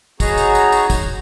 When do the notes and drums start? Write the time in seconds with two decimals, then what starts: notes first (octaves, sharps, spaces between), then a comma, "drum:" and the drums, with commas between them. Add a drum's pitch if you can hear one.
0.20 B3 D#4 F#4 G#4 C#5 A#5, drum: kick, tambourine
0.38 drum: tambourine
0.55 drum: tambourine
0.72 drum: tambourine
0.90 drum: kick, tambourine